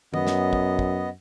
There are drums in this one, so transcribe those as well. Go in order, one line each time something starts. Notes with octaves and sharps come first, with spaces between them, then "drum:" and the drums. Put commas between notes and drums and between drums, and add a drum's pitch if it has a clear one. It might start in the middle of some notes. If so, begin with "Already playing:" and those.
F#2 B3 D#5, drum: tom
drum: snare
drum: kick
drum: kick